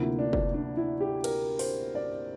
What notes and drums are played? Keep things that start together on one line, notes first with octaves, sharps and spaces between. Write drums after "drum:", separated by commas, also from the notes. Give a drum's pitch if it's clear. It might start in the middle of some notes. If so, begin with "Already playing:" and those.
Already playing: D2 C3 F3 A#3 E4
D4
drum: kick
D4
E4
G4
A#4, drum: cymbal
C5, drum: open hi-hat
D5